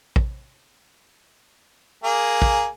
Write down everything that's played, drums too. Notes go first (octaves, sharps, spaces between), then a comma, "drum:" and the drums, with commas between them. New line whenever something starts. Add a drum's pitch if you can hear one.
drum: kick
A#3 G#4
drum: kick